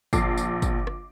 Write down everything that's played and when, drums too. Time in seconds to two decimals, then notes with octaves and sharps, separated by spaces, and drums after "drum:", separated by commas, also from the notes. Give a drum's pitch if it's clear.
0.13 A#1 D6 C7, drum: kick, tambourine
0.38 drum: tambourine
0.62 drum: kick, tambourine
0.87 drum: rim click